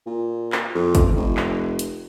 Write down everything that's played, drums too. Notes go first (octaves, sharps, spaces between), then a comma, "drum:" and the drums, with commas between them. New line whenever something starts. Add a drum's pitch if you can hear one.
A#2
drum: clap
F2
drum: kick, hi-hat
F1
drum: clap
drum: hi-hat